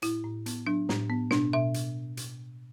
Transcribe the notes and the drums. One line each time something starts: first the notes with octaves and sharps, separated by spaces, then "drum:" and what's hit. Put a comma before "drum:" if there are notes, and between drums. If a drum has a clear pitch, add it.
A2 E4, drum: hi-hat
A2
B3, drum: hi-hat
F#3 D4
A2, drum: snare
B3
B2 D4, drum: snare
B2 E5
drum: hi-hat
drum: hi-hat